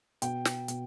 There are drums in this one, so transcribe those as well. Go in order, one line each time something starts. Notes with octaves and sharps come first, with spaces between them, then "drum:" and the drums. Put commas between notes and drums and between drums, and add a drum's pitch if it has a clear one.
B2 G5, drum: hi-hat
drum: snare
B2, drum: hi-hat